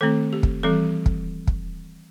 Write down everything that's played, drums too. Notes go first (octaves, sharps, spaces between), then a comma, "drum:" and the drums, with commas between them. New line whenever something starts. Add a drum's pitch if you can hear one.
D#3 A3 C4 A4
G4
drum: kick
E3 G3 C4 A4
drum: kick
drum: kick